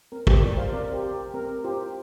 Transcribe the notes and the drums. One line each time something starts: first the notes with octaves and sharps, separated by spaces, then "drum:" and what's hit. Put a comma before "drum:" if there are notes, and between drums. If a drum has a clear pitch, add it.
C4 A#4
G4 C5, drum: kick
G4 A#4 D5
C5 F5
C4 A#4 D5
G4 C5
G4
C4 A#4
F4 G4 C5